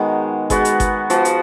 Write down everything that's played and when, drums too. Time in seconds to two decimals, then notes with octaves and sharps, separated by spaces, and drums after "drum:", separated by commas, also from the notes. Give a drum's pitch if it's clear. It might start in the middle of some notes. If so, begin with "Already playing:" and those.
Already playing: D#3 G#3 B3 D#4 F#4
0.50 G#3 B3 F#4, drum: kick G1, hi-hat
0.65 drum: hi-hat
0.80 drum: kick G1, hi-hat
1.10 F3 B3 F#4, drum: hi-hat
1.25 drum: hi-hat